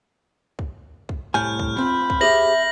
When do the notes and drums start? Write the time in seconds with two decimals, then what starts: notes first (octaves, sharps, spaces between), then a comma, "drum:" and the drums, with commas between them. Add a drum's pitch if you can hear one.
0.59 drum: kick
1.09 drum: kick
1.34 C2 A2 G#5 F6 G6
1.59 drum: kick
1.78 C4 F4 B5
2.10 drum: kick
2.21 G4 G#4 C5 E5 A#6 F#7